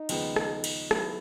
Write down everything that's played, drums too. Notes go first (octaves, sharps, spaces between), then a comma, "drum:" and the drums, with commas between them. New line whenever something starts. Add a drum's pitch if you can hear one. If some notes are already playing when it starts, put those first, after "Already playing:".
Already playing: D#4
D#2 C#3 F3 G#3 B3, drum: cymbal
drum: rim click
drum: cymbal
D#3 F#3 B3 E4 G4, drum: rim click